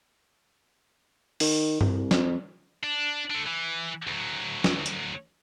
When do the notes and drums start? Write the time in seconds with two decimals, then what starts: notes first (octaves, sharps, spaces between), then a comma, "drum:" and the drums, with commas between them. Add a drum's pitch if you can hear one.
1.40 D#3, drum: open hi-hat
1.81 C2, drum: tom G2
2.11 F2, drum: snare
2.84 D4
3.31 A3 D4
3.47 E3
4.07 D2 F#3
4.64 drum: snare
4.86 drum: hi-hat